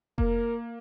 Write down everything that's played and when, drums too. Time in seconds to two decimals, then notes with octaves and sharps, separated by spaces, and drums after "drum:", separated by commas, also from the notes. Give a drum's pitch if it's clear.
0.18 A#3 A#4, drum: kick F1